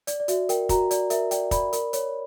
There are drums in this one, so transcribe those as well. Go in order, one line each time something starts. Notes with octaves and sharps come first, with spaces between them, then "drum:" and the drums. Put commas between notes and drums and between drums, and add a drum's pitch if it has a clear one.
D5, drum: hi-hat
D5
F#4 E5, drum: hi-hat
A#4 G5, drum: hi-hat
F#4 A#5, drum: kick, hi-hat
D5, drum: hi-hat
A#4 E5, drum: hi-hat
D5 G5, drum: hi-hat
D5 B5, drum: kick, hi-hat
A#4, drum: hi-hat
C#5, drum: hi-hat